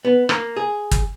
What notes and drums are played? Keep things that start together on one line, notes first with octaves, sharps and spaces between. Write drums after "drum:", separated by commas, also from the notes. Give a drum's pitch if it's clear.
B3
A#3, drum: rim click
G#4
drum: kick, hi-hat